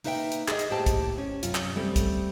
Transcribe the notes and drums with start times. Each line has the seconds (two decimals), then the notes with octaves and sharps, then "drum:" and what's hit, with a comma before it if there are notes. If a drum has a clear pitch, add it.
0.04 A#3 D#4 B4 E5 F5 G5, drum: open hi-hat
0.32 drum: hi-hat
0.48 G#4 D#5, drum: clap
0.59 drum: hi-hat
0.70 A2 A#3 G4 C5 G5 A5
0.86 drum: kick, hi-hat
1.18 C#4
1.43 F#2 C3 F4, drum: hi-hat
1.55 drum: clap
1.76 G3 A3 C4
1.96 drum: kick, hi-hat